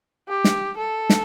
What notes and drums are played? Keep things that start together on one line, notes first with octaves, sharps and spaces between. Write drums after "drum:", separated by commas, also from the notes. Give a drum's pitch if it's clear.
G4
drum: snare
A4
drum: snare